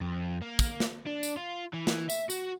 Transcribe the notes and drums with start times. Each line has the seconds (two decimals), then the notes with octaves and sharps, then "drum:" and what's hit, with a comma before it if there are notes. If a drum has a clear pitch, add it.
0.01 F2
0.42 A#3
0.59 drum: kick, tambourine
0.80 drum: snare
1.06 D4
1.23 drum: tambourine
1.37 F4
1.74 E3
1.87 drum: snare
2.10 E5, drum: tambourine
2.30 F#4, drum: tambourine